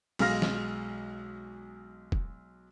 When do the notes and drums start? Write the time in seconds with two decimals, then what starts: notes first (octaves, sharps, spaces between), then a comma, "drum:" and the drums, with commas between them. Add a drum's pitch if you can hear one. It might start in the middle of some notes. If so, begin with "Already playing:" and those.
0.19 B1 G#3 F5 F6 A#6, drum: cymbal
0.42 drum: snare
2.12 drum: kick E1